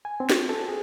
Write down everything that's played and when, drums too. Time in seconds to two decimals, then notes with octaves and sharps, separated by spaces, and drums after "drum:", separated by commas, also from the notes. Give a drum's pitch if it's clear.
0.05 G#5
0.20 C4
0.30 drum: snare
0.49 A4
0.69 G#4